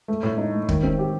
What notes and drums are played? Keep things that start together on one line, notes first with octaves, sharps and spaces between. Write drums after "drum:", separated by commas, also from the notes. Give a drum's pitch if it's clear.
A3
A2
D#4
A3
D#3, drum: kick
C4
G4